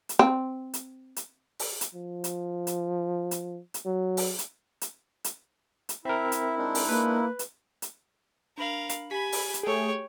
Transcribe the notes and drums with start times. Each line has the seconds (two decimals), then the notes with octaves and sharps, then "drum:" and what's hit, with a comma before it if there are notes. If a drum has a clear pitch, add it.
0.09 drum: hi-hat
0.19 C4
0.74 drum: hi-hat
1.16 drum: hi-hat
1.59 drum: open hi-hat
1.81 drum: hi-hat
1.95 F3
2.24 drum: hi-hat
2.67 drum: hi-hat
3.31 drum: hi-hat
3.74 drum: hi-hat
3.86 F#3
4.17 drum: open hi-hat
4.39 drum: hi-hat
4.81 drum: hi-hat
5.24 drum: hi-hat
5.89 drum: hi-hat
6.05 C4 E4 A#4 E5
6.32 drum: hi-hat
6.58 G#3 D4 D#4
6.75 drum: open hi-hat
6.89 A#3 B4
7.39 drum: hi-hat
7.82 drum: hi-hat
8.58 D4 A#4 F5 B5 F#7
8.89 drum: hi-hat
9.11 G4 G#5 B5 B6
9.32 drum: open hi-hat
9.54 drum: hi-hat
9.63 A3 G#4 C#5 G5